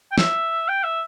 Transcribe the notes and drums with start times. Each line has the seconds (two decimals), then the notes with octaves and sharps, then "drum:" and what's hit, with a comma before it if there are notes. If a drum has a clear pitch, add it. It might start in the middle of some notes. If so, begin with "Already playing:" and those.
0.12 G5
0.18 E5, drum: snare
0.68 G5
0.84 E5